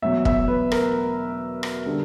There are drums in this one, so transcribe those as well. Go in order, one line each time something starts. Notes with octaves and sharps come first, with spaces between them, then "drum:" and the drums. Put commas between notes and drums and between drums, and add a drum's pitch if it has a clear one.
E2 B2 F#3 E5
E5, drum: kick
B4
A#4, drum: rim click
drum: rim click
D3 G3